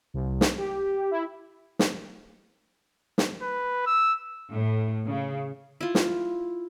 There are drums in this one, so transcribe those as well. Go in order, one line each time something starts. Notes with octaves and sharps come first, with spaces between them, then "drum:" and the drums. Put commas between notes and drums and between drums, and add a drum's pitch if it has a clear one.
C2
drum: snare
G4
E4
drum: snare
drum: snare
B4
E6
A2
C#3
E4 F4
drum: snare